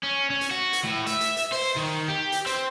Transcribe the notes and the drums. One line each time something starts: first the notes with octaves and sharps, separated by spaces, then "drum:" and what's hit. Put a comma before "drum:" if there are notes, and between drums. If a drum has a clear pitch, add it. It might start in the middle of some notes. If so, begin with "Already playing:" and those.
C#4
C#4
drum: hi-hat
F#4
drum: hi-hat
A2
E5, drum: hi-hat
drum: hi-hat
drum: hi-hat
C5, drum: open hi-hat
D#3
G4
drum: hi-hat
C4, drum: hi-hat